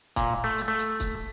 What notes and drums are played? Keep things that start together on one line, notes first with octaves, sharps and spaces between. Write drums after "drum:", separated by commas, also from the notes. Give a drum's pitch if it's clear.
A#2, drum: kick, hi-hat
A3
drum: hi-hat
A3
drum: hi-hat
drum: kick, hi-hat